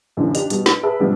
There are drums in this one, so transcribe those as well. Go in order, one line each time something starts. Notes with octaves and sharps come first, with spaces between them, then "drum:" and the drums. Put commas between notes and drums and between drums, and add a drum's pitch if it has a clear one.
F#2 A#2 D3 E3 F3 D4
D4 D#4 G4 F7, drum: hi-hat
B2 G3, drum: hi-hat
B4 D7, drum: snare
G#4 B4 E5 A5 B5 E6
G#2 C3 F3 G3 B3 D4